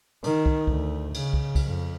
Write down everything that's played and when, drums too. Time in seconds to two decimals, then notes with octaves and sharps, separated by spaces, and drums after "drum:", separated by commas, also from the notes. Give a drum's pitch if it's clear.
0.24 D#3, drum: cymbal
0.46 drum: kick
0.67 D2, drum: kick
1.14 C#3, drum: cymbal
1.33 drum: kick
1.55 drum: kick, cymbal
1.65 F2